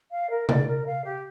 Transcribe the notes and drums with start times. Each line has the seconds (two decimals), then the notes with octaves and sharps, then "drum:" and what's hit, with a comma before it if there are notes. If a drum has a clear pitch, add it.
0.11 F5
0.30 A#4
0.49 D5, drum: tom C3
0.68 A#4
0.86 F5
1.05 G4